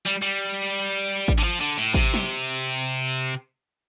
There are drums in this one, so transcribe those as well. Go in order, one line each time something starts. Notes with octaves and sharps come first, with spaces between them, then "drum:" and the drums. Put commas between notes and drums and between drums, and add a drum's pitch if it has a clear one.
G3
G3
drum: kick G#1
D3
F3
D3
A2
C3, drum: kick G#1
drum: snare